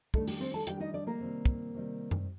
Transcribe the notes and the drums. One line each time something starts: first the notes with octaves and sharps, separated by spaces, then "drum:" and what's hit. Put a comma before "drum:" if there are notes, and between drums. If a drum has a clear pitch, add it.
D#3 G3 A3 D4 A4, drum: kick
G4, drum: open hi-hat
C4 C5
A4 A5
D#3 G3 D4 G4 G5, drum: hi-hat
D#4 D#5
D4 D5
A#3 A#4
C3 D#3 G3
drum: kick
C3 D#3 G3
drum: tom F#2